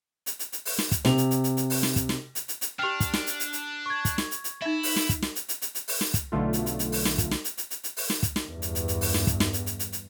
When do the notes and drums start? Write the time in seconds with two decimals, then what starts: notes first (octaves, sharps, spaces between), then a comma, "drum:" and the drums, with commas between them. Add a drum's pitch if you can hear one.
0.26 drum: hi-hat
0.39 drum: hi-hat
0.52 drum: hi-hat
0.65 drum: open hi-hat
0.78 drum: snare
0.92 drum: kick, hi-hat
1.05 C3 F7, drum: snare
1.18 drum: hi-hat
1.31 drum: hi-hat
1.44 drum: hi-hat
1.57 drum: hi-hat
1.70 drum: open hi-hat
1.83 drum: snare
1.96 drum: kick, hi-hat
2.09 drum: snare
2.35 drum: hi-hat
2.48 drum: hi-hat
2.61 drum: hi-hat
2.79 D4 G4 G5 F6 F7
3.00 drum: kick, hi-hat
3.14 drum: snare
3.27 drum: hi-hat
3.40 drum: hi-hat
3.53 drum: hi-hat
3.86 C#6 G#6
4.05 drum: kick, hi-hat
4.18 drum: snare
4.31 drum: hi-hat
4.44 drum: hi-hat
4.62 D#4 E4 E5
4.83 drum: open hi-hat
4.96 drum: snare
5.09 drum: kick, hi-hat
5.22 drum: snare
5.35 drum: hi-hat
5.49 drum: hi-hat
5.62 drum: hi-hat
5.75 drum: hi-hat
5.88 drum: open hi-hat
6.01 drum: snare
6.14 drum: kick, hi-hat
6.32 B1 D3 A3 F4
6.53 drum: hi-hat
6.66 drum: hi-hat
6.79 drum: hi-hat
6.92 drum: open hi-hat
7.05 drum: snare
7.18 drum: kick, hi-hat
7.31 drum: snare
7.44 drum: hi-hat
7.57 drum: hi-hat
7.71 drum: hi-hat
7.84 drum: hi-hat
7.97 drum: open hi-hat
8.10 drum: snare
8.23 drum: kick, hi-hat
8.36 drum: snare
8.46 E2 G2
8.62 drum: hi-hat
8.75 drum: hi-hat
8.88 drum: hi-hat
9.01 drum: open hi-hat
9.14 drum: snare
9.27 drum: kick, hi-hat
9.40 drum: snare
9.53 drum: hi-hat
9.66 drum: hi-hat
9.79 drum: hi-hat
9.92 drum: hi-hat